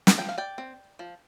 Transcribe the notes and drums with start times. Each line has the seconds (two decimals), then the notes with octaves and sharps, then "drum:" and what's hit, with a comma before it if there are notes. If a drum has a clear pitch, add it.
0.07 drum: snare
0.18 F3 G5
0.29 F5
0.38 D5 G5
0.58 C4
0.99 F3